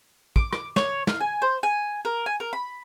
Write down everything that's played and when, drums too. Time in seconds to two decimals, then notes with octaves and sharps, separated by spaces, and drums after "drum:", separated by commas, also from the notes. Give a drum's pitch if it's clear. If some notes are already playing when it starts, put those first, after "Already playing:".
0.36 D6, drum: kick
0.53 D6, drum: rim click
0.76 C#5, drum: snare
1.07 F5, drum: snare
1.20 G#5
1.42 C5
1.63 G#5
2.05 A#4
2.26 G#5
2.40 A#4
2.53 B5